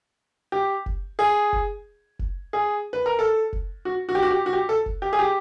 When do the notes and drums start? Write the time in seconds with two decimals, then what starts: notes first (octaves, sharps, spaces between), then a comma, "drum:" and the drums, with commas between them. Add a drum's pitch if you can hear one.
0.52 G4
0.86 drum: kick F1
1.19 G#4
1.53 drum: kick F1
2.19 drum: kick F1
2.53 G#4
2.93 B4
3.06 A#4
3.19 A4
3.53 drum: kick F1
3.85 F#4
4.09 F#4
4.15 G4
4.22 F#4
4.31 G4
4.46 F#4
4.53 G4
4.69 A4
4.86 drum: kick F1
5.02 G4
5.13 G#4
5.19 G4